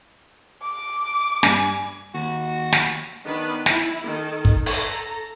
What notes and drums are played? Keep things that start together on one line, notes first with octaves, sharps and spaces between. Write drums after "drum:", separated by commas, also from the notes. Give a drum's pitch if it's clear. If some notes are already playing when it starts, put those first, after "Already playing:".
D6
G2 G#5, drum: snare
D#2 F#4
drum: snare
D#3 B3 D4 B4
E4, drum: snare
D#3 A4
drum: kick
A4 A#5, drum: open hi-hat